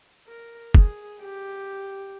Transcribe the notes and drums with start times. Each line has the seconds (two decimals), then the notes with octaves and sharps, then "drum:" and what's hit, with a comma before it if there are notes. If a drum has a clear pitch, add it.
0.28 A#4
0.74 G#4, drum: kick F1
1.22 G4